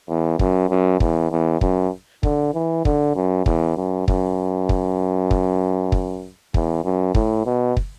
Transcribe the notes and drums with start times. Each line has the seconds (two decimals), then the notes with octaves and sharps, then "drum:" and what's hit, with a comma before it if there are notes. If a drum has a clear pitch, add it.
0.09 E2
0.39 F#2, drum: kick
0.69 F#2
1.00 E2, drum: kick
1.31 E2
1.61 F#2, drum: kick
2.23 D3, drum: kick
2.54 E3
2.85 D3, drum: kick
3.16 F#2
3.46 E2, drum: kick
3.77 F#2
4.08 F#2, drum: kick
4.69 drum: kick
5.31 drum: kick
5.92 drum: kick
6.54 E2, drum: kick
6.85 F#2
7.15 A2, drum: kick
7.46 B2
7.77 drum: kick